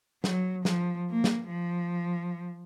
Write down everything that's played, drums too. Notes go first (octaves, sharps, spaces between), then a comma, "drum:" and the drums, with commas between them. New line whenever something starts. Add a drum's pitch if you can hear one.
F#3, drum: snare
F3, drum: snare
A#3
drum: snare
F3